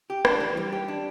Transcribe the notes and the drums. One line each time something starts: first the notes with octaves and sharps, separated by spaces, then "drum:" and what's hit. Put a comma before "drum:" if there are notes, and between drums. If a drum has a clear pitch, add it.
G4
D4, drum: rim click
E3
G3
G4
D4